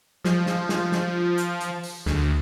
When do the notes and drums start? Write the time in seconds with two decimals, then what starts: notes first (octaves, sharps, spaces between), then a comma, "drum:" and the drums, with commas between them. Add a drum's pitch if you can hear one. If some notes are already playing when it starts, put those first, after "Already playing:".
0.24 F3, drum: snare
0.46 drum: snare
0.69 drum: snare
0.92 drum: snare
1.38 drum: hi-hat
1.61 drum: hi-hat
1.83 drum: open hi-hat
2.06 D2, drum: snare